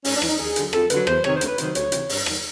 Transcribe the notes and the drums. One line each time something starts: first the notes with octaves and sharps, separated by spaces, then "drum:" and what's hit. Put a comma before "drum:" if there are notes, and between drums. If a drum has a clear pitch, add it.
G#2 C#4, drum: open hi-hat
D4
E3, drum: rim click
D#4
D#2 G#4
D3 F#3, drum: hi-hat
F2 A4, drum: rim click
D3 F#3 B4, drum: hi-hat
E2 C5, drum: rim click
C3 D#3 C#5, drum: rim click
C5
D2, drum: hi-hat
B4
C3 D#3 F#3 C5, drum: hi-hat
D2 C#5, drum: hi-hat
C3 E3, drum: hi-hat
G2, drum: open hi-hat
D#3 F#3, drum: rim click